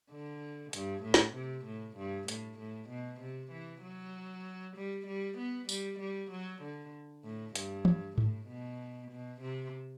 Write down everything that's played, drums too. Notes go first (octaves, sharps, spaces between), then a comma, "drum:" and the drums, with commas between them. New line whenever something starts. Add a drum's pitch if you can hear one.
D3
G2, drum: hi-hat
A2
drum: snare
C3
A2
G2
A2, drum: hi-hat
A2
B2
C3
E3
F#3
G3
G3
B3
G3, drum: tambourine
G3
F#3
D3
A2
G2, drum: hi-hat
drum: tom E3
A2, drum: tom G#2
B2
B2
C3